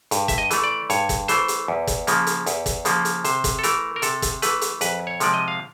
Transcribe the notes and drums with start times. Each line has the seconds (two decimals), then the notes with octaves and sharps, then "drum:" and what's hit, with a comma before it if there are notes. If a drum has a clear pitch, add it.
0.11 G2, drum: hi-hat
0.28 E5, drum: kick, hi-hat
0.38 D#5
0.51 E3 A3, drum: hi-hat
0.64 D5
0.90 G2 C#5, drum: hi-hat
1.09 drum: kick, hi-hat
1.28 E3 A3 C5, drum: hi-hat
1.48 drum: hi-hat
1.68 E2
1.87 drum: kick, hi-hat
2.07 C#3 F3 A#3, drum: hi-hat
2.27 drum: hi-hat
2.46 E2, drum: hi-hat
2.66 drum: kick, hi-hat
2.85 C#3 F3 A#3, drum: hi-hat
3.05 drum: hi-hat
3.24 C3 C5, drum: hi-hat
3.44 drum: kick, hi-hat
3.59 A4
3.63 E3 A3 A#4, drum: hi-hat
3.96 A#4
4.02 C3 A4, drum: hi-hat
4.22 drum: kick, hi-hat
4.42 E3 A3 B4, drum: hi-hat
4.61 drum: hi-hat
4.81 F2 B4, drum: hi-hat
5.07 C#5
5.20 C3 F3 G#3 D5, drum: hi-hat
5.34 D#5
5.48 F5